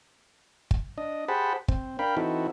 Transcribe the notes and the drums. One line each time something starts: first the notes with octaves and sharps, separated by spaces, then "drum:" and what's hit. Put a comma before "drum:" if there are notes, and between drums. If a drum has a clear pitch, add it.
drum: kick
D4 D#5
G4 G#4 C5 F#5 A5 B5
C4, drum: kick
D4 A#4 F5 G5 B5
E3 C4 D#4 E4 F#4 A4